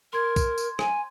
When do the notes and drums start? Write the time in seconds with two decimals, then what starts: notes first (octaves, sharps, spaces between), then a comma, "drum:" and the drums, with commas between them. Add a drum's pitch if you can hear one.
0.13 A#4 C6 G#6
0.36 drum: kick, tambourine
0.58 drum: tambourine
0.79 G#5, drum: rim click